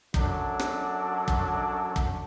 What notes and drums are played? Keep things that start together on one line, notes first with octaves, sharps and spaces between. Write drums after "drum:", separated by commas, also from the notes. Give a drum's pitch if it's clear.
F#2 F#3 D4 A4, drum: kick
drum: rim click
drum: kick
drum: kick